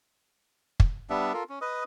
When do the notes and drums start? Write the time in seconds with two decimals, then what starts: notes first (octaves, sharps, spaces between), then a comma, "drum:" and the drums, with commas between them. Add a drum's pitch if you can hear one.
0.80 drum: kick
1.10 G3 B3 D4 E5
1.34 F4 A4 A#4
1.49 C#4
1.61 B4 D#5 D#6